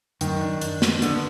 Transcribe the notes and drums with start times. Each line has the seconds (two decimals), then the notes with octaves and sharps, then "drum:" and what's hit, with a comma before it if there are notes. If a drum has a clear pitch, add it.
0.21 F#2 D#3, drum: hi-hat
0.41 D4
0.61 D4, drum: hi-hat
0.82 D4, drum: snare
1.02 D3 B3, drum: hi-hat